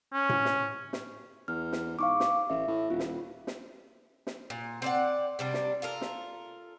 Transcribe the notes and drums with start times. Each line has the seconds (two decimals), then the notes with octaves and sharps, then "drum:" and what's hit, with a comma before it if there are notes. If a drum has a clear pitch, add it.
0.14 C#4
0.29 drum: tom A2
0.45 drum: snare
0.93 drum: snare
1.48 E2 F6
1.72 drum: snare
1.99 G#2 F5 C#6 D6
2.20 drum: snare
2.50 A1 E5
2.68 A2
2.90 D#1 F4
3.00 drum: snare
3.47 drum: snare
4.27 drum: snare
4.50 A#2
4.82 C4 D5 F#5
5.39 C3 G3 D4
5.54 drum: snare
5.82 F4 A4 A#4
6.01 drum: snare